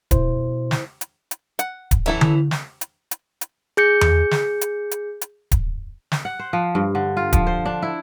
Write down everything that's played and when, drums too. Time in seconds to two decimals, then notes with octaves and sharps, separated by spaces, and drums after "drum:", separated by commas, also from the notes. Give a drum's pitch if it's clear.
0.11 B2 E4 C5, drum: kick D1, hi-hat
0.71 drum: snare
1.01 drum: hi-hat
1.31 drum: hi-hat
1.59 F#5, drum: hi-hat
1.91 drum: kick D1, hi-hat
2.06 E3 F#3 C#4 E4 A4
2.21 drum: tom D3
2.51 drum: snare
2.81 drum: hi-hat
3.11 drum: hi-hat
3.41 drum: hi-hat
3.77 G#4 G6 C#7
4.01 drum: tom E2
4.31 drum: snare
4.61 drum: hi-hat
4.91 drum: hi-hat
5.21 drum: hi-hat
5.51 drum: kick D1, hi-hat
6.12 drum: snare
6.25 F#5
6.39 C5
6.53 F3
6.75 G2
6.95 D3
7.17 F4
7.33 F3, drum: kick D1, hi-hat
7.47 C5
7.66 D4
7.82 E4